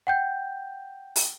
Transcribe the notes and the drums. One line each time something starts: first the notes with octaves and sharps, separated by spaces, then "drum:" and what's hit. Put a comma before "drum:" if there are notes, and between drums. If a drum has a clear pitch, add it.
F#5 G5 G6
drum: open hi-hat